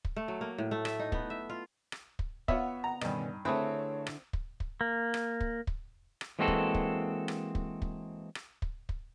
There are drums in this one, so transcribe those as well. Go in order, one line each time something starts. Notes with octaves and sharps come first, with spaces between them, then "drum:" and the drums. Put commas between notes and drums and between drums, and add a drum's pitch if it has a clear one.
drum: kick
A3
F#3
A#3
A2
A3
E5, drum: rim click
D#4
B3, drum: kick
E5
F4
drum: rim click
drum: kick
B3 F4 C#5 E5 F#5, drum: kick
A#5
G2 B2 D3 D#3 C#4 D#5, drum: rim click
D#4
D3 A3 C4 E4 G#4 B4 C#5
drum: rim click
drum: kick
drum: kick
A#3
drum: rim click
drum: kick
drum: kick
drum: rim click
E3 G#3 A#3 C4 F#4 A4
drum: kick
drum: kick
drum: rim click
drum: kick
drum: kick
drum: rim click
drum: kick
drum: kick